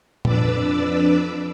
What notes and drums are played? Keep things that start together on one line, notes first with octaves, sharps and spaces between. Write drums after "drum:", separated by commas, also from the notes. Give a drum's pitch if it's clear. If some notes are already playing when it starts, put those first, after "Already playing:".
F2 D4 B4 D5 D6 E6, drum: tom A#2